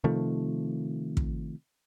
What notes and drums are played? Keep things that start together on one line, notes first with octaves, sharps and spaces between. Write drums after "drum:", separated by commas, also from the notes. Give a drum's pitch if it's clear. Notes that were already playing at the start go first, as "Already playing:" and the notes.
C3 D#3 F3 A3
drum: kick